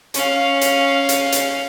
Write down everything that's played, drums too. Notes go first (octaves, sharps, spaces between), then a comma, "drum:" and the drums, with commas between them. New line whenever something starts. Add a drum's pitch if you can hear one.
C#4 F5, drum: hi-hat
drum: hi-hat
drum: hi-hat
drum: hi-hat